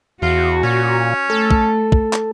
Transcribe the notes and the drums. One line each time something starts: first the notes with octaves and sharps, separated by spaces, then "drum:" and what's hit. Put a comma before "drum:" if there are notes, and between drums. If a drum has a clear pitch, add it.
E2 F4 F#4
A#2 C#4
A3 A4
drum: kick
drum: kick
drum: clap